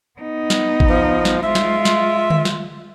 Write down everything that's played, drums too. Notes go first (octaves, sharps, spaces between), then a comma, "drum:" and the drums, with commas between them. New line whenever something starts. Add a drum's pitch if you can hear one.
B3 D#4
drum: snare
drum: kick G#1
F3
drum: snare
G#3 F4 E5
drum: snare
drum: snare
drum: tom D3
drum: snare